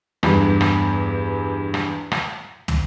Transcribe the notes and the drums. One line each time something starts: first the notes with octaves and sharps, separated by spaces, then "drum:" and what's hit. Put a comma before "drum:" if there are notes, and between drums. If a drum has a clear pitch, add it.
E2 G2, drum: rim click
drum: rim click
drum: rim click
drum: rim click
drum: tom